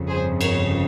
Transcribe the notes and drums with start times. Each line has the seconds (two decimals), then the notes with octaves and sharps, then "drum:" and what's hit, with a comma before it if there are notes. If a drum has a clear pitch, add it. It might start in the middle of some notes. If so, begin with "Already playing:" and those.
Already playing: G1 F2 C#3
0.09 G#4 C5
0.41 A#4 C#5, drum: cymbal